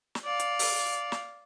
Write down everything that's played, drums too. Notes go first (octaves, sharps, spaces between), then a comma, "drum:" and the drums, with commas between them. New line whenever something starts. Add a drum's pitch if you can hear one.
drum: snare
D5 F5
drum: hi-hat
drum: open hi-hat
drum: snare